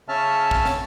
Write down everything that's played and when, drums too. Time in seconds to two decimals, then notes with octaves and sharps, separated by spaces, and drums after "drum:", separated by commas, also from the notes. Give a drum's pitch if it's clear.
0.09 C#3 C#4 E5 A5 F6
0.51 drum: kick
0.65 drum: snare